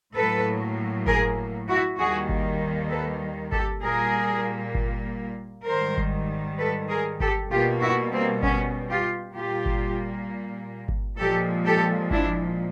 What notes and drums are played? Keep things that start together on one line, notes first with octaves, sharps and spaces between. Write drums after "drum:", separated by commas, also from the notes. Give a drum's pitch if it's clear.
A2 F#3 A#3 A4 B4
G#4 A#4, drum: kick G1
E4 F#4
D#2 D#3 G3 A#3 F#4 G#4
drum: kick G1
A4 B4
G4 A4, drum: kick G1
A#2 G3 A#3 G#4 A#4
drum: kick G1
G#2 D#3 G3 A#4 C5
drum: kick G1
A4 B4
G#4 A#4
G4 A4, drum: kick G1
B2 G3 A#3 F4 G4
E4 F#4
A#3 C4
B3 C#4, drum: kick G1
F4 G4
A#2 G3 A#3 F4 G4
drum: kick G1
drum: kick G1
A#2 F3 G#3 G4 A4
G4 A4
D4 E4, drum: kick G1